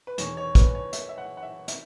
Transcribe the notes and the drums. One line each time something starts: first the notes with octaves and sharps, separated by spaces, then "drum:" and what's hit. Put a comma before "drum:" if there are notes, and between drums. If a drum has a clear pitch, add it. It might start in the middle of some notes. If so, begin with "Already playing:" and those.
B4
E1 E2 D#3 C#5, drum: hi-hat
C#5
B4, drum: kick, hi-hat
C#5
E5, drum: hi-hat
E5
F#5
F#5
E5
D#3 E5, drum: hi-hat